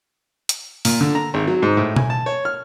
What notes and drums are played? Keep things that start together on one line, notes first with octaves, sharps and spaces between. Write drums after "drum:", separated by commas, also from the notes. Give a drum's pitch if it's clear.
drum: hi-hat
A#2, drum: open hi-hat
D3
A#5
G#1
F#3
G#2
A2
G#5, drum: tom B2
A5
C#5
F6